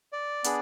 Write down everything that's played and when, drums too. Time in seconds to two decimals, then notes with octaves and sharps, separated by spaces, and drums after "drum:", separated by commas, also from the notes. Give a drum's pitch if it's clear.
0.13 D5
0.44 B3 D4 G#4, drum: hi-hat